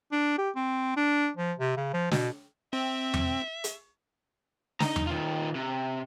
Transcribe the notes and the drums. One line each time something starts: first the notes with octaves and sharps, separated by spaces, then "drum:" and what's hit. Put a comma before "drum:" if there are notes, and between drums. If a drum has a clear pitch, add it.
D4
G4
C4
D4
F3
C3
C#3
F3
B2, drum: snare
C4 E5
drum: tom E2
drum: hi-hat
D#4 A#5, drum: snare
drum: tom E2
D#3 F4
C3